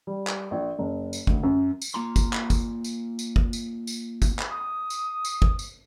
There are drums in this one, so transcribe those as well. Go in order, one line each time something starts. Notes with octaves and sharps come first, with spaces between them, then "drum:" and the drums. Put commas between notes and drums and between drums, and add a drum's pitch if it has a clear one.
G3
drum: clap
A#1
F#1
drum: tambourine
D2, drum: kick
F#2
drum: tambourine
A#3 F4 A#5 C6
drum: kick, tambourine
drum: clap
drum: kick, tambourine
drum: tambourine
drum: tambourine
drum: kick
drum: tambourine
drum: tambourine
drum: kick, tambourine
drum: clap
D#6
drum: tambourine
drum: tambourine
drum: kick
drum: tambourine